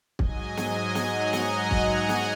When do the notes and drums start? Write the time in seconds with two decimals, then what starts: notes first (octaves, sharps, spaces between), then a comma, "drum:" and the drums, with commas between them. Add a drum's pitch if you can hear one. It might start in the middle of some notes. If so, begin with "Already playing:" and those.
0.19 G#2 F#3 D#5 G#5, drum: kick
0.57 drum: snare
0.76 D#5 G#5
0.95 drum: snare
1.04 F#5 A#5
1.33 F#5 A#5, drum: snare
1.71 drum: kick
1.89 D#5 G#5
2.09 drum: snare